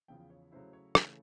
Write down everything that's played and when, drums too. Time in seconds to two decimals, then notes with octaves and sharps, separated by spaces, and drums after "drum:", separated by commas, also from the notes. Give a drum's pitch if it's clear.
0.08 E2 C#3 F3 G5
0.30 C#5
0.52 C#3 F#3 A3 C#4 E4 C5
0.73 C#5
0.95 C#3 E3 A3 C#5, drum: rim click